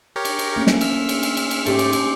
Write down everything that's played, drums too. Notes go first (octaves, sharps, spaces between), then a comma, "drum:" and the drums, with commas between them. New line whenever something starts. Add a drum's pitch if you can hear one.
G4 A#4 C#5
drum: cymbal
drum: cymbal
A3 A#3 C#4
drum: snare
E6 F6 B6, drum: cymbal
drum: cymbal
drum: cymbal
drum: cymbal
drum: cymbal
G#2 A3 C#4 G4, drum: cymbal
drum: cymbal
drum: cymbal